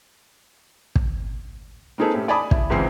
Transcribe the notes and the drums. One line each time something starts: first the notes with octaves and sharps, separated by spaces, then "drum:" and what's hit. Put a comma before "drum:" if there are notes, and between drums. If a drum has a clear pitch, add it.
drum: kick
A#3 C4 D#4 G#4 A4 B4
A2 C#4 G4
D5 G#5 A5 B5 D6 D#6
E4, drum: kick
C#2 G#2 E3 C4 G#4 C7